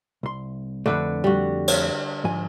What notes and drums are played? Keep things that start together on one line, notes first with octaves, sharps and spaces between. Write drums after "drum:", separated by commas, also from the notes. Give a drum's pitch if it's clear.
C2 C6
F2 G#2 D3 A3 B4
G3 F#4
drum: cymbal
G#2 F3 G#5